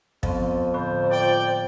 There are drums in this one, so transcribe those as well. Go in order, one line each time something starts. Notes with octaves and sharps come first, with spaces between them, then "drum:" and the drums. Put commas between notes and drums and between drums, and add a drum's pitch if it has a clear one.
F2 F3 B3 C4, drum: kick
A2 D3 C5 B5
F4 D5 G5